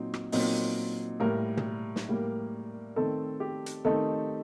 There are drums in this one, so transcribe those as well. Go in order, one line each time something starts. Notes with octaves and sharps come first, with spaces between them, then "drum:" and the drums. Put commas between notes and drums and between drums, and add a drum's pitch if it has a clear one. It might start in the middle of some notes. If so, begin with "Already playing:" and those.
Already playing: A#2 F#3 C4 D#4
drum: rim click
A#2 F#3 C4 D#4, drum: open hi-hat
A2 G3 A#3 A#4
drum: tom
drum: snare
A2 G3 A#3
D#3 A3 C4 D#4 A4
G4
drum: hi-hat
D#3 A3 C4 D#4 A4